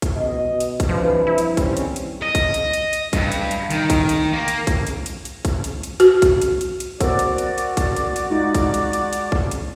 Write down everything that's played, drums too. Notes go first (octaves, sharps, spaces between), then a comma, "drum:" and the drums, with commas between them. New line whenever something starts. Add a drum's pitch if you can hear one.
drum: kick, hi-hat
B2 D#5
B2
drum: hi-hat
drum: kick, hi-hat
G2 C3 E3 F3 B4
E4
drum: hi-hat
D#2 G3 C4 C#4, drum: kick, hi-hat
drum: hi-hat
drum: hi-hat
D#5
drum: kick, hi-hat
drum: hi-hat
drum: hi-hat
drum: hi-hat
G2, drum: kick, hi-hat
drum: hi-hat
drum: hi-hat
D#3, drum: hi-hat
drum: kick, hi-hat
drum: hi-hat
A#3
drum: hi-hat
drum: kick, hi-hat
drum: hi-hat
drum: hi-hat
drum: hi-hat
drum: kick, hi-hat
drum: hi-hat
drum: hi-hat
F#4, drum: hi-hat
drum: kick, hi-hat
drum: hi-hat
drum: hi-hat
drum: hi-hat
A#3 F#4 C5 D5 E6, drum: kick, hi-hat
drum: hi-hat
drum: hi-hat
drum: hi-hat
drum: kick, hi-hat
drum: hi-hat
drum: hi-hat
G#3 D#4 F4
drum: kick, hi-hat
drum: hi-hat
drum: hi-hat
drum: hi-hat
drum: kick
drum: hi-hat